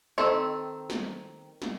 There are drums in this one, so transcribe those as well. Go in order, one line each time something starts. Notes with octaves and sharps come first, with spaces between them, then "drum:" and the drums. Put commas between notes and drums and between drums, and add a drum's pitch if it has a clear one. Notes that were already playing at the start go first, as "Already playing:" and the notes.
D#3 C4 G4 A4
drum: snare
drum: snare